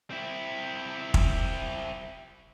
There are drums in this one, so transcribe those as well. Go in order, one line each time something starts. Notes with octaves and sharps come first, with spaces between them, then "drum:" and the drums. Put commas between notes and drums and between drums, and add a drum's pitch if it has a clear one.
C4 E4
drum: kick